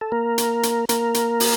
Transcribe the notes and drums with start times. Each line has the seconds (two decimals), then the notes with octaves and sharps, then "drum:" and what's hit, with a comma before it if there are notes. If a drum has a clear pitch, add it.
0.01 A4
0.12 A#3 A#4
0.38 drum: hi-hat
0.63 drum: hi-hat
0.89 A#3 A#4, drum: hi-hat
1.14 drum: hi-hat
1.40 drum: open hi-hat